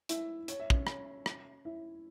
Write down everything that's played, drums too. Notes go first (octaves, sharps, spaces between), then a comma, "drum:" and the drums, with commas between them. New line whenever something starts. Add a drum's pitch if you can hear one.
E4 E5, drum: hi-hat
C#5, drum: hi-hat
E5
C#4 C#5, drum: kick
C#4 C#5, drum: rim click
drum: rim click
E4 E5